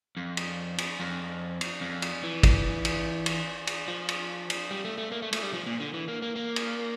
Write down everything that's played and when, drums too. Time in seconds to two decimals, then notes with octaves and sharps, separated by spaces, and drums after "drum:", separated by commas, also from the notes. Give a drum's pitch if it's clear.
0.17 F2
0.37 drum: cymbal
0.78 drum: cymbal
1.00 F2
1.61 drum: cymbal
1.81 F2
2.02 drum: cymbal
2.23 E3
2.43 drum: kick, cymbal
2.85 drum: cymbal
3.26 drum: cymbal
3.67 drum: cymbal
3.88 F3
4.09 drum: cymbal
4.50 drum: cymbal
4.71 G3
4.85 A3
4.98 A3
5.12 A#3
5.22 A3
5.33 A3, drum: cymbal
5.43 G3
5.53 F3
5.66 A#2
5.80 D3
5.94 E3
6.08 A#3
6.22 A#3
6.36 A#3
6.56 drum: cymbal